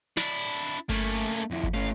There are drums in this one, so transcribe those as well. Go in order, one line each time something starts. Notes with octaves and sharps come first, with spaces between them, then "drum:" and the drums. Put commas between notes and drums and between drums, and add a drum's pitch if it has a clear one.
D4 E4, drum: snare
A3 A#3 C#4, drum: kick G1
F2 E4
drum: kick G1
A3 C#4 F5